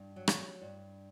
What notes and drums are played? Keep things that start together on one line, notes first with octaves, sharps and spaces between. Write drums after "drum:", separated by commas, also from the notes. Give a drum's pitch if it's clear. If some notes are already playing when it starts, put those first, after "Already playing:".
Already playing: G2
F#3
drum: rim click
G2